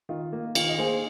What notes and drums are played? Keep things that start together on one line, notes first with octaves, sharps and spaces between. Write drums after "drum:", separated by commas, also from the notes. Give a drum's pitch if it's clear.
D#3 F4
A#3
D#3 F4, drum: cymbal
D#5
A#3 G#4 C5